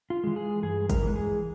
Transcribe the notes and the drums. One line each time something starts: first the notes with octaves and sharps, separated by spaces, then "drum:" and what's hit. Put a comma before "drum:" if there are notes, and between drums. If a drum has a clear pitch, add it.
F4
E3 G#3
G#4
G2 G#4
A#4, drum: kick, hi-hat
E3 G#3
G#4